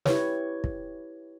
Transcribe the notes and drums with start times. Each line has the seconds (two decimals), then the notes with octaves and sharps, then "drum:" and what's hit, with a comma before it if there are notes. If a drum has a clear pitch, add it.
0.06 E4 G4 B4 C#5, drum: snare
0.64 drum: kick